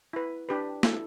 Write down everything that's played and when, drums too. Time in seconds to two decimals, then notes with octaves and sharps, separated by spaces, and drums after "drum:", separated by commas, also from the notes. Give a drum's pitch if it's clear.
0.13 E4 B4
0.49 D4 G4 B4
0.83 E4 A4, drum: snare